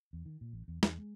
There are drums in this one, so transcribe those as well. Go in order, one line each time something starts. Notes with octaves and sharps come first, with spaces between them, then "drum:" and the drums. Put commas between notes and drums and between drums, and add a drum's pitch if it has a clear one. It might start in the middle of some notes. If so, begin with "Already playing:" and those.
E2
D#3
A#2
A1
E2
E2, drum: snare
G#3